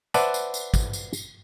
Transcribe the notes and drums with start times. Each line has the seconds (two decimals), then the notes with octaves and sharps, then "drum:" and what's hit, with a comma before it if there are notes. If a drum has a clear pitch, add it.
0.14 B4 C5 D5 E5 F#5 A5, drum: tambourine
0.34 drum: tambourine
0.54 drum: tambourine
0.74 drum: kick, tambourine
0.93 drum: tambourine
1.13 drum: tambourine